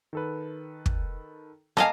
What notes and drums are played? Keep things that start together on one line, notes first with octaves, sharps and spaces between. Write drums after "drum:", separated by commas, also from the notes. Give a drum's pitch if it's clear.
D#3 A4 B4
drum: kick
A#3 A4 D#5 F5 G#5 A5, drum: rim click